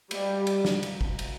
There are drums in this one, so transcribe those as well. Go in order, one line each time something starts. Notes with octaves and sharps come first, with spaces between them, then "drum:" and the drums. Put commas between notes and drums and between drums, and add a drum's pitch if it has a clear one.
G3, drum: cymbal
drum: cymbal
drum: snare
drum: cymbal
drum: kick
drum: cymbal